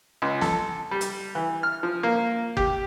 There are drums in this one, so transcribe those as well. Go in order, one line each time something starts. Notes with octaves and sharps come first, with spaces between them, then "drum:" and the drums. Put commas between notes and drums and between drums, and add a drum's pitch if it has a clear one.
C#2
A4, drum: snare
G3
drum: hi-hat
E3
F6
F3
A#3
G4, drum: kick